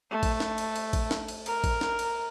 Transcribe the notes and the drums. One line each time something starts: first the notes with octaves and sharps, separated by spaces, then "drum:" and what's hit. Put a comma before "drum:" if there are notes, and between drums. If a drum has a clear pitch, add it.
A3
drum: kick, cymbal
drum: snare
drum: cymbal
drum: cymbal
drum: kick, cymbal
drum: snare
drum: cymbal
A#4, drum: cymbal
drum: kick, cymbal
drum: snare
drum: cymbal